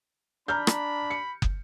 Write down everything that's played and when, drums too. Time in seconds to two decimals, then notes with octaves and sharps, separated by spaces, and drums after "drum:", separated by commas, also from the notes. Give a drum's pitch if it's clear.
0.48 D4 A#5 B5 F6 G6
0.67 drum: rim click
1.10 C#7
1.42 drum: kick